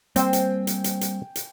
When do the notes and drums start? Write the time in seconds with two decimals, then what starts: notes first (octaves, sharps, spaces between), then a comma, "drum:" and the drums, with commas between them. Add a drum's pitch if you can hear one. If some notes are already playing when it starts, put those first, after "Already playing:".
0.16 G3 A#3 C4 C5 G5 G#5, drum: hi-hat
0.33 drum: hi-hat
0.67 drum: hi-hat
0.84 drum: hi-hat
1.01 drum: hi-hat
1.36 drum: hi-hat